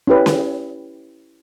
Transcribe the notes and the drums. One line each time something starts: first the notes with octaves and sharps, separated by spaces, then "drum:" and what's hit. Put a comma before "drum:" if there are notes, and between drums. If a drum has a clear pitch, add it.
C#4 E4 G4 B4
drum: snare C#4